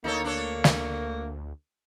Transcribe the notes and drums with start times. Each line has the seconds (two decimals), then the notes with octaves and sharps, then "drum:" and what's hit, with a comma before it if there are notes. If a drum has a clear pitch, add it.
0.04 D2 A#3 D#4 A4 C#5
0.24 D4 A4 C#5
0.64 drum: snare